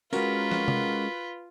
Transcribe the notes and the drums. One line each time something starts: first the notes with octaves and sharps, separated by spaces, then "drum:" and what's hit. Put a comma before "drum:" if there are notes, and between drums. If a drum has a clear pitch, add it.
G#3 C#4 F4 F#4 A#4 B4, drum: tambourine
drum: snare
drum: tom C3